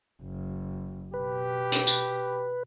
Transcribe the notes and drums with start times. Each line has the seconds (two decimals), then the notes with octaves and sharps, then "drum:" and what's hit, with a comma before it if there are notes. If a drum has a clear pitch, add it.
0.22 F#1
1.14 B2 G4 B4
1.72 drum: hi-hat
1.87 drum: tambourine